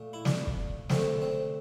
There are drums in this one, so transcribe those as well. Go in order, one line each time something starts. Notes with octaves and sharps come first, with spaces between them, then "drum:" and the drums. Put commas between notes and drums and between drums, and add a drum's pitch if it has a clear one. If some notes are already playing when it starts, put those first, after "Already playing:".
Already playing: A#2 A3
E4
D4, drum: snare
drum: kick
D3 A3 C4, drum: snare
C4